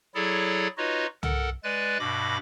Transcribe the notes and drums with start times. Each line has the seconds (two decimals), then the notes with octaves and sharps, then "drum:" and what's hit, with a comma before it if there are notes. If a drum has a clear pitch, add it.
0.15 F#3 E4 G#4 A4 C#5 D5
0.77 D#4 F4 F#4 B4 C#5 D#5
1.23 A4 A#4 F#5, drum: tom
1.64 G#3 B4 D5 G#5 F#6 A6
2.00 G2 B2 B5 D6 A#6